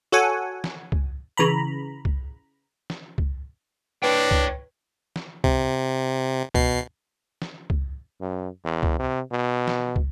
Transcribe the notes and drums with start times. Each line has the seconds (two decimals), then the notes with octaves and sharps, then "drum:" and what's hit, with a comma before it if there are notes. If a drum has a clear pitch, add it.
0.12 F#4 A4 C#5 F#5 G#5
0.64 drum: snare
0.92 drum: kick
1.37 C#3 E3 A#5 B5
2.05 drum: kick
2.90 drum: snare
3.18 drum: kick
4.03 D4 B4 C#5 G5
4.31 drum: kick
5.16 drum: snare
5.44 C3, drum: kick
6.54 B2 C7, drum: kick
7.42 drum: snare
7.70 drum: kick
8.21 F#2
8.65 E2
8.83 drum: kick
8.98 C3
9.31 B2
9.68 drum: snare
9.96 drum: kick